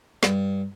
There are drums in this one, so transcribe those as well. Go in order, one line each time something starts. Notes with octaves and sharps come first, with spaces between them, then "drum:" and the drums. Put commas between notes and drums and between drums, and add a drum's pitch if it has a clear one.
G2, drum: snare